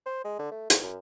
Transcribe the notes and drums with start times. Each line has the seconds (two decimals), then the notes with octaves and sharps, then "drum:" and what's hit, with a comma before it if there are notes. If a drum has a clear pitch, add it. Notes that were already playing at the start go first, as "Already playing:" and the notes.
0.06 C5
0.25 G#3
0.39 D3
0.51 A3
0.70 D2, drum: hi-hat
0.83 F#2